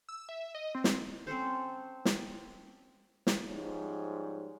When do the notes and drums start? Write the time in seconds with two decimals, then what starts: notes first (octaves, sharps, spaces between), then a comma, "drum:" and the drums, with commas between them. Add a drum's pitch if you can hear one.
0.09 E6
0.29 E5
0.55 D#5
0.75 C4
0.84 drum: snare
1.27 C4 C#4 A4 C5
2.05 drum: snare
3.27 drum: snare
3.47 G#2 F3 G3 C#4